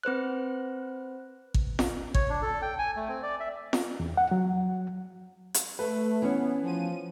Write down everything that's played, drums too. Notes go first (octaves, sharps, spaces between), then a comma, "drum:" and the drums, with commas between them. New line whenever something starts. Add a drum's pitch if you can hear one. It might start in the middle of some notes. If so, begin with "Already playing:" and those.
C4 B4 C5 F#6
drum: kick
drum: snare
C#5, drum: kick
D4
A4
G5
G#5
A3
C4
D5
E5
drum: snare
E2
F#5
F#3
drum: hi-hat
A3 B4
E3 B3 C#4
F3 D#7